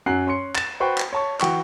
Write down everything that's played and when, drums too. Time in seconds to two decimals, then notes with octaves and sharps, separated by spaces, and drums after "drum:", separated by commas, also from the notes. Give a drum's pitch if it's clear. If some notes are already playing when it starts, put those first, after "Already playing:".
0.06 F#2 F#3 F#5 F#6 C7
0.27 C#4 C6 C#7
0.55 A6 E7, drum: clap
0.80 F#4 B4 C5 G5 C#6
0.98 drum: clap
1.13 C#5 A5 C#6
1.41 E3 F#4 G5 C#6, drum: clap